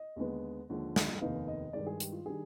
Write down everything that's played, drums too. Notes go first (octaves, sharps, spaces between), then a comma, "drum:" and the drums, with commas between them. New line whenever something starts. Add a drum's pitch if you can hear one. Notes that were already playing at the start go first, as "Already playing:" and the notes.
Already playing: D#5
D#2 D3 G#3 B3
D#2 D3 F3 G#3
drum: snare
F1 D#2 D#3 B3 D#4 F5
D#5
G2 D#3 G#3 D5
G#4
G4, drum: hi-hat
F4
D#3 G3 D4 G#4